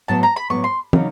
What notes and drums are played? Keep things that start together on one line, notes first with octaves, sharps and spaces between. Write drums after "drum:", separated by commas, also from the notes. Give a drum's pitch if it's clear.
A2 F#3 B3 A5
A#5
B5
A2 F#3 B3 C#6
C6
C#3 F#3 A#3 D#4, drum: tom